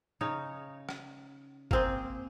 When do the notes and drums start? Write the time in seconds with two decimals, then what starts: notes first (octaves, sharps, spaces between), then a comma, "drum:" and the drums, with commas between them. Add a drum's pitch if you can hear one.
0.21 C#3 D#4 C#5
0.89 drum: rim click
1.71 A#3 C4 G#4, drum: kick